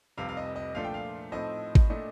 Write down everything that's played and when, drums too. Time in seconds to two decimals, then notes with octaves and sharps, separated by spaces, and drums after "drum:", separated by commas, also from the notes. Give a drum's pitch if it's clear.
0.17 F1 F2 C3 G3 F5
0.29 F5
0.37 D#5
0.56 D#5
0.75 A#2 F3 A3 D4 F4 F5
0.85 G5
0.94 F5
1.32 A2 F3 C4 D#4 A4 D#5
1.75 drum: kick G#1
1.90 A#2 A3 D4 D#5